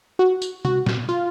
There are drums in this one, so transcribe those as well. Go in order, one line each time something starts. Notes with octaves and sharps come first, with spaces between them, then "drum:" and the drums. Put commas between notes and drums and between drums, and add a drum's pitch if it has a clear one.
F#4
drum: tambourine
F#4, drum: tom C3
drum: snare
F4